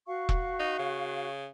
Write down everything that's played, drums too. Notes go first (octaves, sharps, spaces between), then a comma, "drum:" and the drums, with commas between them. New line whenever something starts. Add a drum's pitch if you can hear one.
F#4 F5 C#6
drum: kick E1
D#4
C#3